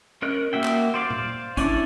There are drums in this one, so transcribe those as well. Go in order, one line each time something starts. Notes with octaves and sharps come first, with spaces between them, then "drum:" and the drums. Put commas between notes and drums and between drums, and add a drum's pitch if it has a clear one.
C#4 A#4 D#5 F#6
A#3 F#4 E5 G5
drum: clap
C5 D5 F5
drum: tom A#2
C#4 D4 E4 A4, drum: kick G#1, hi-hat